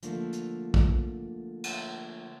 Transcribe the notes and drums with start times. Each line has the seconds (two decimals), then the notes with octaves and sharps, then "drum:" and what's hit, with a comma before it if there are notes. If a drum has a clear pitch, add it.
0.03 D3 F3 A3 A#3, drum: hi-hat
0.33 drum: hi-hat
0.74 drum: kick
1.64 drum: cymbal